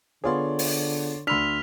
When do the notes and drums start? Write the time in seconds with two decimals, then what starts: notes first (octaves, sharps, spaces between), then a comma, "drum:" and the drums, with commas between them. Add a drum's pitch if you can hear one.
0.24 D3 B3 F4 G#4 C#5 D5 C6
0.59 drum: open hi-hat
1.27 D2 D4 B5 C6 E6 F6 B6 F7